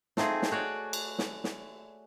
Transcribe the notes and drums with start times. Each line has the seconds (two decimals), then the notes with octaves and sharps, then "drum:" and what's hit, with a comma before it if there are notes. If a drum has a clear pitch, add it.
0.17 A3 C4 D#4 F4 G#4, drum: snare
0.42 drum: snare
0.52 F#4 C#5 D5
0.93 drum: cymbal
1.19 drum: snare
1.44 drum: snare